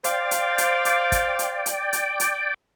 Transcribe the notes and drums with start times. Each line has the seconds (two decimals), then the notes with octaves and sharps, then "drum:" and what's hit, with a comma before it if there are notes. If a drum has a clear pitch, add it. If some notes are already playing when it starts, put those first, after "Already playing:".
0.04 C5 D5 F5 G5, drum: hi-hat
0.31 drum: hi-hat
0.58 drum: hi-hat
0.85 drum: hi-hat
1.12 drum: kick, hi-hat
1.39 drum: hi-hat
1.66 drum: hi-hat
1.93 drum: hi-hat
2.20 drum: hi-hat